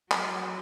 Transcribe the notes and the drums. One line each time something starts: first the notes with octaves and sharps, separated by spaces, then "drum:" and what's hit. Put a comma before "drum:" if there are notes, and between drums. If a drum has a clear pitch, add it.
F#3, drum: clap